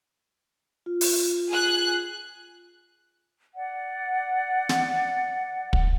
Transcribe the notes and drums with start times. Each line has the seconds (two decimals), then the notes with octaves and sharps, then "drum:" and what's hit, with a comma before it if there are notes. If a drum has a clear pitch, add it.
0.86 F4
1.01 drum: open hi-hat
1.50 G#4 F#6
3.55 D5 F#5
4.69 drum: snare
5.73 drum: kick